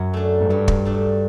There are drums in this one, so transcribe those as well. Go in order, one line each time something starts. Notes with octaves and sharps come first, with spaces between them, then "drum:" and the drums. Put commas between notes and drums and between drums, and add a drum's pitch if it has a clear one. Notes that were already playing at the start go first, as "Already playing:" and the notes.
Already playing: F#2 F#3
A3 D4
G#2
G2 F#3
drum: kick
A3 D4